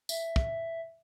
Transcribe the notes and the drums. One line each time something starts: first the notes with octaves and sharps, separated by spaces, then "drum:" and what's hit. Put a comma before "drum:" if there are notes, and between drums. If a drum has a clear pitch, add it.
E5, drum: tambourine
drum: kick